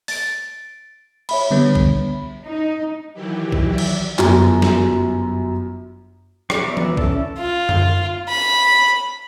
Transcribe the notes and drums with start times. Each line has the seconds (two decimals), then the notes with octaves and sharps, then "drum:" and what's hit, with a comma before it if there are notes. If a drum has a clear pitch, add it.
0.08 A6 D7, drum: open hi-hat
1.29 C#5 E5 B5, drum: cymbal
1.51 D3 G3 B3
1.75 drum: kick
2.45 D#4
3.14 D#3 E3 F#3 E4 G4
3.52 drum: kick
3.68 F#3 D5 E5
3.78 drum: cymbal
4.19 G1 F#2, drum: clap
4.62 drum: snare
6.50 G4 C#5 D5, drum: rim click
6.63 B3 B4 D5 E5 A#5
6.77 drum: tom E3
6.97 C#4 E4 A4 E5 A5, drum: kick
7.39 F4
7.69 drum: tom F#2
8.29 B5